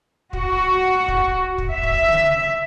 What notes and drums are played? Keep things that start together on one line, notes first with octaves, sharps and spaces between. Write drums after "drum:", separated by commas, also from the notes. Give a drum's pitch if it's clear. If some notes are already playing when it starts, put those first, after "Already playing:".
F#4, drum: kick
drum: kick
drum: kick
E5
drum: kick
drum: tom